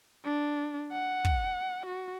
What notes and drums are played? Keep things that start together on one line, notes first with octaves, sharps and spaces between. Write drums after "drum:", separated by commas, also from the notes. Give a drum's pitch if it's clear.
D4
F#5
drum: kick
F#4